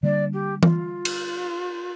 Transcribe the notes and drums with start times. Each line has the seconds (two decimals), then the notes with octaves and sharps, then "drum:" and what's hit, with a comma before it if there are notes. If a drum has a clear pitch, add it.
0.03 D3 G3 A#3 D4 D5
0.33 G4
0.63 F4, drum: tom E3
1.05 drum: cymbal